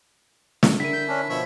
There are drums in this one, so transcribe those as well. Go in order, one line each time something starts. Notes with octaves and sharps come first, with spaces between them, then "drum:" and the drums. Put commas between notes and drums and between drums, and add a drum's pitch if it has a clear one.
drum: snare
D3 E4 A#4 B6 D#7
G6
C#4 D4
B2 F3 C#5 E5 B5